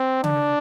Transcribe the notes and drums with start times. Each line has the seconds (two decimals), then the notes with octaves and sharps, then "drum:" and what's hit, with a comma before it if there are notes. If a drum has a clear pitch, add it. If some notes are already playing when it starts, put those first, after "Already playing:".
Already playing: C4
0.24 D4, drum: tom C#3